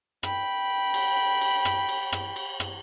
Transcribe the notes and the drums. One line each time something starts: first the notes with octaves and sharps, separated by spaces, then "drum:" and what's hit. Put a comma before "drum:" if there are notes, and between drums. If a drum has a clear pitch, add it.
G5 B5, drum: rim click
drum: cymbal
drum: cymbal
drum: rim click
drum: cymbal
drum: rim click
drum: cymbal
drum: rim click